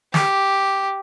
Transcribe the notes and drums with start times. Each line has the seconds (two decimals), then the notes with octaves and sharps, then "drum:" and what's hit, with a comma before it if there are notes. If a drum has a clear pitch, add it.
0.14 G4, drum: snare